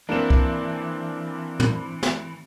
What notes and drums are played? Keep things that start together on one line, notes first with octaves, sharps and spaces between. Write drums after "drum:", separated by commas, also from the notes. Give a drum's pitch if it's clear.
E3 A#3 C4 D4 E7
drum: kick
drum: tom
drum: snare